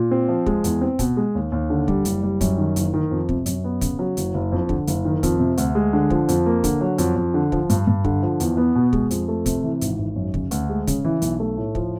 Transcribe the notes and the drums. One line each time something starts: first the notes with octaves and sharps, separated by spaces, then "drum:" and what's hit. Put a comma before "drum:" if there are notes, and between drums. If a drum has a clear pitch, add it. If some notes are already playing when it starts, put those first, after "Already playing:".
Already playing: A#2
C4
F3
G#3, drum: kick
E2, drum: hi-hat
C4
B2, drum: kick, hi-hat
G#3
D#2
D#2
D3
G3, drum: kick
F#1, drum: hi-hat
G3
F#2, drum: kick, hi-hat
D#3
F#1, drum: hi-hat
D#3
F2
C3, drum: kick
F#2, drum: hi-hat
B3
C#3, drum: kick, hi-hat
F#3
F#1, drum: hi-hat
F#1
F2
D3, drum: kick
F#1, drum: hi-hat
D#3
F2, drum: kick, hi-hat
C3
D2, drum: hi-hat
G#3
D3
F3, drum: kick
F2, drum: hi-hat
A#3
D3, drum: kick, hi-hat
F#3
F2, drum: hi-hat
F2
D3
F3, drum: kick
G2, drum: hi-hat
G2
D3, drum: kick
F3
E2, drum: hi-hat
B3
B2
G#3, drum: kick
F2, drum: hi-hat
A3
C3, drum: kick, hi-hat
E3
G#1, drum: hi-hat
G#1
F#2
C#3, drum: kick
D2, drum: hi-hat
G#3
C#3, drum: kick, hi-hat
E3
B1, drum: hi-hat
A3
A2
F3, drum: kick